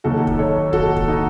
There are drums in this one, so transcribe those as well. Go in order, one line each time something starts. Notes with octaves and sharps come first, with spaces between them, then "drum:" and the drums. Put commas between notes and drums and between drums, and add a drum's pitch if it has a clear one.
D#2 D#3 F#3 F#4 A4
drum: kick
A4 C#5
F#4 A4, drum: kick
drum: kick
D#4 F#4